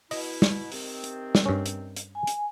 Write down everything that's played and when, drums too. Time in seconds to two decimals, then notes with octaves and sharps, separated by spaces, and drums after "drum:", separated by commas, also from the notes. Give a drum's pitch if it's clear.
0.11 B2 E4 D#5, drum: open hi-hat
0.42 drum: snare
0.72 C3 D#3 C4, drum: open hi-hat
1.04 drum: hi-hat
1.35 drum: snare
1.46 G2 C#4
1.66 drum: hi-hat
1.96 drum: hi-hat
2.15 G#5
2.27 drum: hi-hat